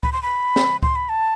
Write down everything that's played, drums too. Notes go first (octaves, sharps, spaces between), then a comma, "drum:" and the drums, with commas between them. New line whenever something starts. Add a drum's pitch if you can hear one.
B5, drum: kick C#2
C6
B5
drum: snare
C6, drum: kick C#2
B5
A5